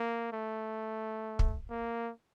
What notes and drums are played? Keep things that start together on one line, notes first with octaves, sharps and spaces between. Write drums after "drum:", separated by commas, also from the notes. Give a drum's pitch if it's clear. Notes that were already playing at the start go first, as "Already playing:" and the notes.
Already playing: A#3
A3
drum: kick
A#3